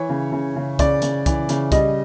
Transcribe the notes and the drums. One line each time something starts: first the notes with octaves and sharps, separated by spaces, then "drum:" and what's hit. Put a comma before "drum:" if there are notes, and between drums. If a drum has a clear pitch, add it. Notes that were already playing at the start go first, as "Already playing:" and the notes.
Already playing: E3 C#5
C#3
C#3
C#3
C#3 D5, drum: kick C2, hi-hat
C#3, drum: hi-hat
E3, drum: kick C2, hi-hat
C#3, drum: hi-hat
G3 D#5, drum: kick C2, hi-hat